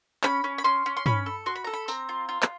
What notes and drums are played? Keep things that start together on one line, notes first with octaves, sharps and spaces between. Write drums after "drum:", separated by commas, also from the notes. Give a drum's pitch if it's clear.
C#4 B5, drum: clap
C#4
B5
C#4 C6
C#4
C6
C#4 B5, drum: tom
A4
F#4 C6
B5
A4 A#5
B5
C4 A#5, drum: tambourine
F4
F4
drum: clap